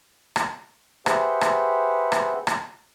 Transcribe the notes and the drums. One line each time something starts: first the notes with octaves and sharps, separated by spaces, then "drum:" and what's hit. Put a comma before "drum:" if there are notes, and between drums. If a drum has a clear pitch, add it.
drum: rim click
G4 G#4 B4 C5 E5 F#5, drum: rim click
drum: rim click
drum: rim click
drum: rim click